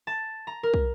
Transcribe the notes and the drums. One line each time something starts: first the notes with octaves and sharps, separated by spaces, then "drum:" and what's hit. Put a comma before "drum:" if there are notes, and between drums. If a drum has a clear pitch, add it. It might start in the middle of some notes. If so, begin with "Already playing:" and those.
A5
A#5
A#4
drum: kick